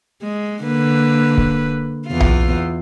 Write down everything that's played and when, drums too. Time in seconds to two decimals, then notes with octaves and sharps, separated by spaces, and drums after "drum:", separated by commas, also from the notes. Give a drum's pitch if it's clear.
0.22 G#3
0.62 D3 A#3 B4
1.38 drum: kick C#1
2.08 E2 F4
2.20 drum: tom B1